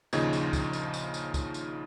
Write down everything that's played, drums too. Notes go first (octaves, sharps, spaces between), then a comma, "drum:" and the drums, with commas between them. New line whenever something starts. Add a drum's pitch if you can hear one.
A#1 D#2 C#3 F3 D#4 G#6, drum: tambourine
drum: tambourine
drum: kick, tambourine
drum: tambourine
drum: tambourine
drum: tambourine
drum: kick, tambourine
drum: tambourine